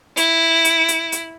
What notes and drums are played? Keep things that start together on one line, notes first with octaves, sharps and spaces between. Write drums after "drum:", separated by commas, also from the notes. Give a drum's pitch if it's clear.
E4, drum: hi-hat
drum: hi-hat
drum: hi-hat
drum: hi-hat